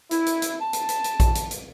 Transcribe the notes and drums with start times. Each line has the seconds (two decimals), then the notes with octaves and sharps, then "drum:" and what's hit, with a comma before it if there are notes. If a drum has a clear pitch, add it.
0.11 E4, drum: hi-hat
0.26 drum: hi-hat
0.42 drum: hi-hat
0.61 A5
0.73 drum: hi-hat
0.89 drum: hi-hat
1.04 drum: hi-hat
1.20 drum: kick A#1, hi-hat
1.35 drum: hi-hat
1.51 drum: hi-hat